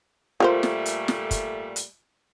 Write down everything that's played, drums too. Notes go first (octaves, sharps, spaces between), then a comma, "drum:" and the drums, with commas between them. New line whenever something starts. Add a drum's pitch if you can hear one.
A#2 G3 A3 F4 A#4 C5
drum: snare
drum: hi-hat
drum: snare
drum: kick, hi-hat
drum: hi-hat